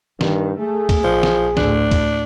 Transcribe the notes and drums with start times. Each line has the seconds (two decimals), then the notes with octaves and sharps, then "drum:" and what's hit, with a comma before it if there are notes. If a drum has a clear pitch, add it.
0.21 G2 D#3, drum: snare
0.60 A3 G#4
0.89 drum: kick C#2, cymbal
1.03 A#1 F3
1.23 drum: snare
1.57 D2 A2 D4, drum: snare
1.91 drum: kick C#2, cymbal